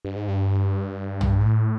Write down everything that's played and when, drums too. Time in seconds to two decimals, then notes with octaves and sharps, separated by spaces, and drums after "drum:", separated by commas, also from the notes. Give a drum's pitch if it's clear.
0.05 G2
0.16 G#2
0.28 G2
1.21 drum: tom
1.40 G#2
1.45 A2